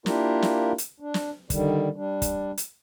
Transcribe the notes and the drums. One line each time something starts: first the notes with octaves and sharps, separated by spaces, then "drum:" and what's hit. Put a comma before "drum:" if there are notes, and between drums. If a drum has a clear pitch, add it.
A#3 D4 E4 F4 G4 A#4, drum: snare
drum: snare
drum: hi-hat
D4
drum: snare
D3 D#3 G3, drum: kick, hi-hat
G3 D4
drum: kick, hi-hat
drum: hi-hat